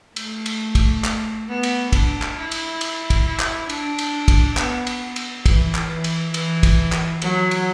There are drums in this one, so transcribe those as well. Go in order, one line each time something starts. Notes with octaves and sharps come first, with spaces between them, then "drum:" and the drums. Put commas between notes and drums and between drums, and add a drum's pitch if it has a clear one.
A3, drum: cymbal
drum: cymbal
drum: kick, cymbal
drum: clap
B3
drum: cymbal
D4, drum: kick, cymbal
drum: clap
E4
drum: cymbal
drum: cymbal
drum: kick, cymbal
E4
drum: clap
D4, drum: cymbal
drum: cymbal
drum: kick, cymbal
B3, drum: clap
drum: cymbal
drum: cymbal
E3, drum: kick, cymbal
drum: clap
E3
drum: cymbal
E3, drum: cymbal
drum: kick, cymbal
drum: clap
F#3, drum: cymbal
drum: cymbal